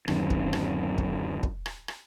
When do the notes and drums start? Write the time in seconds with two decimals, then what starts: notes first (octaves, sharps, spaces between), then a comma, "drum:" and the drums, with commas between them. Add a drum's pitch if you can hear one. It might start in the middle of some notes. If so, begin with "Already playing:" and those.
0.08 D1 F#2 D#3 C4, drum: rim click
0.30 drum: kick
0.53 drum: rim click
0.98 drum: kick
1.43 drum: kick
1.66 drum: rim click
1.88 drum: rim click